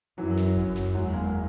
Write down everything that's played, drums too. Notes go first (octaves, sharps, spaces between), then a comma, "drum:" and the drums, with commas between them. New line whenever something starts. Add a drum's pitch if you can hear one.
F#2 E3 F#3
drum: snare
F#2, drum: kick F#1
drum: snare
E2 F#3 G#3
G#3 A#3, drum: hi-hat